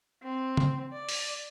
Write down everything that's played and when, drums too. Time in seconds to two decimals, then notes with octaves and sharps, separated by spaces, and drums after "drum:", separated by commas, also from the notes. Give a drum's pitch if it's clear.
0.23 C4
0.57 drum: tom
0.92 D5
1.09 drum: open hi-hat